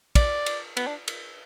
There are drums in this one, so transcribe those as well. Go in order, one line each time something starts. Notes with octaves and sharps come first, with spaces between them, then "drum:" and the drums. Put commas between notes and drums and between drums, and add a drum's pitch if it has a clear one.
D5, drum: kick, cymbal
drum: cymbal
B3, drum: cymbal
D4
drum: cymbal